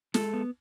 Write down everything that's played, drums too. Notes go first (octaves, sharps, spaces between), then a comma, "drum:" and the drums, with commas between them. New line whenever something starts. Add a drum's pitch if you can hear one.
G#3 A4, drum: snare
B3